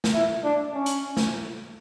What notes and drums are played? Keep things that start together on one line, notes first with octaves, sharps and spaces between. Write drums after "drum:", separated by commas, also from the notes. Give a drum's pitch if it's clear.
drum: snare
E4
D4
C#4
drum: hi-hat
drum: snare